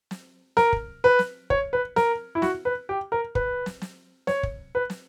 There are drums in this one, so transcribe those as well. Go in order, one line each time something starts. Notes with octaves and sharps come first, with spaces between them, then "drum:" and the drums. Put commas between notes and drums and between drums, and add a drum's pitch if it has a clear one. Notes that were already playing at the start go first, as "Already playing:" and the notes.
drum: snare
A#4, drum: snare
drum: kick
B4
drum: snare
C#5, drum: kick
B4
A#4, drum: snare
E4
F#4, drum: snare
B4
G4
A#4
B4, drum: kick
drum: snare
drum: snare
C#5, drum: snare
drum: kick
B4
drum: snare